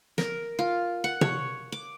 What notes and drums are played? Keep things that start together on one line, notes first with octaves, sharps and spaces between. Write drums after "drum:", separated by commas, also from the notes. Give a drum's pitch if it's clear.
A#4, drum: snare
F4
F#5
C#5, drum: tom
D6